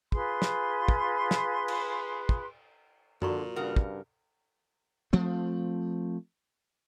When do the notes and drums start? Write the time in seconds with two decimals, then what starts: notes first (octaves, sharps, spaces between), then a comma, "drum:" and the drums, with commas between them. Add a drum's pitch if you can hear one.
0.12 F4 G#4 B4 C6, drum: kick
0.42 drum: snare
0.88 drum: kick
1.31 drum: snare
1.68 drum: cymbal
2.29 drum: kick
3.22 A#2 D3 F#4 A#5 C#6, drum: tom F#2
3.56 G2 C#3 A#4 F#5
3.76 drum: kick
5.13 F3 A3 C4